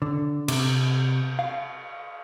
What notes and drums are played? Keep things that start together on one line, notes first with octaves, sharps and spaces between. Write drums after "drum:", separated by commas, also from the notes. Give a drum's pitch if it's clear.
D3
C3, drum: cymbal
F5